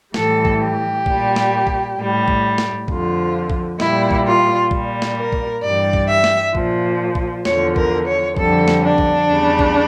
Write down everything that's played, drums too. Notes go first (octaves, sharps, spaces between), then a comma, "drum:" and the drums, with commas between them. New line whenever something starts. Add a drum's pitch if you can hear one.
A2 E3 G3 A4, drum: snare
drum: kick
G4
A#2 G3, drum: kick
drum: snare
drum: kick
A2 G3
drum: kick
drum: snare
F2 D3 F3 F4, drum: kick
drum: kick
A#2 G3 E4, drum: snare
drum: kick
F4
A#2 G3, drum: kick
drum: snare
A#4
drum: kick
G2 E3 G3 D5
drum: kick
E5
drum: snare
A#2 F3, drum: kick
drum: kick
E2 D3 F3 C#5, drum: snare
A#4, drum: kick
C#5
F2 D3 G3 A4, drum: kick
drum: snare
D4
drum: kick
E2 C#3 G3
drum: kick